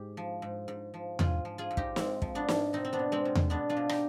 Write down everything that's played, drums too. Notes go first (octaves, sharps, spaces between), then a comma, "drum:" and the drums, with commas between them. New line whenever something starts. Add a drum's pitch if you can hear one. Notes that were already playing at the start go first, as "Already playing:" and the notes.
Already playing: G#2 G4
F3
G#2
G#2
F3
G#2 F4 G#4, drum: tom E2
F3
F4 G#4
G#2
D#4 G4, drum: kick
G#2 G#3 C4, drum: snare
F3, drum: kick
B3 D4
G#2, drum: snare
B2 C4 D#4
C4
B3 D4
B2
G#3 C4
B2
drum: tom E2
B2 B3 D4
D4 F4
B2
D#4 G4, drum: rim click